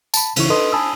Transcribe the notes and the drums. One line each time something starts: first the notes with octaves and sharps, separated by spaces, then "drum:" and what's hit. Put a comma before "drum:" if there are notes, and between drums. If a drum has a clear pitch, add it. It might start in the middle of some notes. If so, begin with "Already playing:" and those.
A5 B5, drum: tambourine
C#2 C#3 E3 E4 C#6, drum: cymbal
A4 B4 D#5 C6 D#6
G#5 A5 B5 D#6 E6